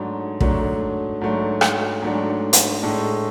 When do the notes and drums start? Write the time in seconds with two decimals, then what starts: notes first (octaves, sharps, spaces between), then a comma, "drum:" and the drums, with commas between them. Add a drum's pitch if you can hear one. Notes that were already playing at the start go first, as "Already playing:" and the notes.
Already playing: G#2 F#3 A3 D4
0.40 G#2 F#3 A3 D4, drum: kick
1.21 G#2 F#3 A3 D4
1.61 drum: rim click
2.02 G#2 F#3 A3 D4
2.53 drum: hi-hat
2.83 A2 G#3 D4 A4